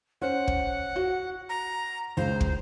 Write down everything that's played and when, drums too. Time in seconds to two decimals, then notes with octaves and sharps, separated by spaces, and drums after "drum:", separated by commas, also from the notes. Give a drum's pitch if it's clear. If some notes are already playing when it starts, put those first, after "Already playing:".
0.22 C#4 C5 F#5
0.47 drum: kick
0.96 F#4
1.49 A#5
2.17 C#2 C5
2.41 drum: kick